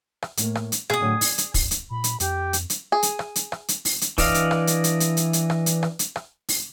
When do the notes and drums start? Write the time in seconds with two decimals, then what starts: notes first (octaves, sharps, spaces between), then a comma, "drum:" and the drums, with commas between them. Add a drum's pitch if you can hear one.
0.22 drum: rim click
0.37 A2 A#3, drum: hi-hat
0.55 drum: rim click
0.72 drum: hi-hat
0.90 B2 G#4 D#6, drum: rim click
1.01 A2 D3 F#3
1.21 D5, drum: open hi-hat
1.38 drum: hi-hat
1.54 drum: kick, open hi-hat
1.71 drum: hi-hat
1.90 A#2 B5
2.04 drum: hi-hat
2.20 F2 G4, drum: hi-hat
2.53 drum: hi-hat
2.70 drum: hi-hat
2.92 G#4
3.03 drum: hi-hat
3.19 drum: rim click
3.36 drum: hi-hat
3.52 drum: rim click
3.68 drum: hi-hat
3.85 drum: open hi-hat
4.01 drum: hi-hat
4.18 E3 D4 D5 D#5 F5, drum: kick, open hi-hat
4.34 drum: hi-hat
4.51 drum: rim click
4.67 drum: hi-hat
4.84 drum: hi-hat
5.00 drum: hi-hat
5.17 drum: hi-hat
5.33 drum: hi-hat
5.50 drum: rim click
5.66 drum: hi-hat
5.83 drum: rim click
5.99 drum: hi-hat
6.16 drum: rim click
6.49 drum: open hi-hat